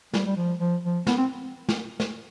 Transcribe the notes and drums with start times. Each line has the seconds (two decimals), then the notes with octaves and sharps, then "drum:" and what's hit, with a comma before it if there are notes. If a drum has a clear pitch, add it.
0.13 G3, drum: snare
0.26 G3
0.37 F3
0.59 F3
0.84 F3
1.07 B3, drum: snare
1.17 C4
1.69 drum: snare
2.00 drum: snare